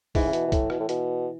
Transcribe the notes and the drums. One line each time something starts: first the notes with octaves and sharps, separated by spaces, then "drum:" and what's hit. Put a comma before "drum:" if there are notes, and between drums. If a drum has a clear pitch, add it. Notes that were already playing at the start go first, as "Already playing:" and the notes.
G#2 E3, drum: kick, open hi-hat
C#3
B2, drum: hi-hat
B2
A2, drum: kick, hi-hat
B2, drum: rim click
A2
B2, drum: hi-hat